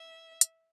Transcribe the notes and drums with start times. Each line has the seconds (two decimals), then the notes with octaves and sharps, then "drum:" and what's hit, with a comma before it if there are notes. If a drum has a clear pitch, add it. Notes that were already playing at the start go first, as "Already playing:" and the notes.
Already playing: E5
0.41 drum: hi-hat